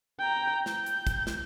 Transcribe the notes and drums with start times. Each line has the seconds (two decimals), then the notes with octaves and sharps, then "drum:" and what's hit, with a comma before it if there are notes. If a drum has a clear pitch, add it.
0.20 G5 A#5
0.66 G6, drum: snare
0.86 drum: hi-hat
1.07 drum: kick, hi-hat
1.27 drum: snare